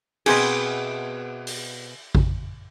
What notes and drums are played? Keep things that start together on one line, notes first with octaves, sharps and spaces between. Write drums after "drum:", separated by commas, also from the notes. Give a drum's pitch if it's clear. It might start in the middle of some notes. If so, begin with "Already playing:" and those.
B2 B3 C4 G4 G#4, drum: cymbal
drum: open hi-hat
drum: kick A1